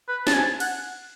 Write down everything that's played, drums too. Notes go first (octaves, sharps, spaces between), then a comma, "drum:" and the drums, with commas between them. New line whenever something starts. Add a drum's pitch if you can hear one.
B4
A5, drum: snare
G#5
F#5, drum: cymbal